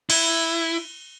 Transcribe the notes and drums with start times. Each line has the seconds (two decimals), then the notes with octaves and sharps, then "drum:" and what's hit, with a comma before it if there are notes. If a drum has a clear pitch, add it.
0.10 E4, drum: cymbal